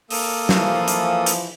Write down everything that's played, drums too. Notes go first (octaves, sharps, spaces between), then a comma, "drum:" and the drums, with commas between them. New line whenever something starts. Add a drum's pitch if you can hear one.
A#3 A4 D#6, drum: open hi-hat
E3 F3, drum: snare
drum: hi-hat
drum: hi-hat